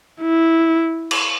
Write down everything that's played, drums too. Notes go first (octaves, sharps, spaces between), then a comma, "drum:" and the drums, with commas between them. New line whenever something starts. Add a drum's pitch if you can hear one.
E4
drum: cymbal